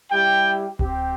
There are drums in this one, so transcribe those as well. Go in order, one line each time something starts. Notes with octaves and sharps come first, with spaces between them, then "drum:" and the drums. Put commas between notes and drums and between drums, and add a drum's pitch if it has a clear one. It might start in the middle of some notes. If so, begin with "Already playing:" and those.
G3 E4 G4 G5
C4 G4, drum: kick D1